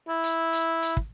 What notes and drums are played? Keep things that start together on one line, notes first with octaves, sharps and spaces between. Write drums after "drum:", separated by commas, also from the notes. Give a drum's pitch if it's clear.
E4
drum: hi-hat
drum: hi-hat
drum: hi-hat
drum: kick